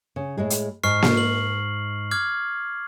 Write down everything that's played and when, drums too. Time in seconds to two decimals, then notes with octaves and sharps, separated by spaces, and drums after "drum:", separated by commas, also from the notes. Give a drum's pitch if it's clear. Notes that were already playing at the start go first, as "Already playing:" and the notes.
0.16 C#3
0.37 A2 G#3 G#4
0.50 drum: hi-hat
0.84 G#2 C#6 F6 C7
1.02 drum: snare A#3
1.17 F#7
2.11 D6 F6 G#6